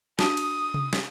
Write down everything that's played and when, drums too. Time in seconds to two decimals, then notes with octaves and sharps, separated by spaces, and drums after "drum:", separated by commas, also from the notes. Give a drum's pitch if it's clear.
0.19 D4 F#4 A5 D#6, drum: snare
0.37 drum: cymbal
0.74 drum: tom C3
0.93 drum: snare